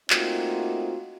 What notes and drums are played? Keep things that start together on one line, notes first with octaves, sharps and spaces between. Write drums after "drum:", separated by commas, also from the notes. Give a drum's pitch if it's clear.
A3 A#3 C4 D#4 F4 F#4, drum: clap